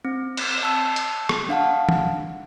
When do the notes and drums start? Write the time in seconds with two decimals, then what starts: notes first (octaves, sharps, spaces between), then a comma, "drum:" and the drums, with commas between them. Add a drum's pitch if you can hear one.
0.05 C4
0.37 drum: cymbal
0.63 A5 E6
0.96 drum: hi-hat
1.29 drum: rim click
1.49 D4 F5 F#5 A5
1.89 drum: tom